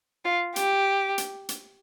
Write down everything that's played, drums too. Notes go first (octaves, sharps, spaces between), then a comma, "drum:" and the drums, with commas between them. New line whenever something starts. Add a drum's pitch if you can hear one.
F4
G4, drum: hi-hat
drum: hi-hat
drum: hi-hat